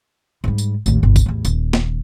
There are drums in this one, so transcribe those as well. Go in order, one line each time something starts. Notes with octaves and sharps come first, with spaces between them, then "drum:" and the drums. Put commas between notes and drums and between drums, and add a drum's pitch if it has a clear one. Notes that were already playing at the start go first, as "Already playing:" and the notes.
G#2 G3
drum: tambourine
A1 D#2, drum: tambourine
G1 B2
drum: kick, tambourine
A1 E2
D#1, drum: tambourine
drum: snare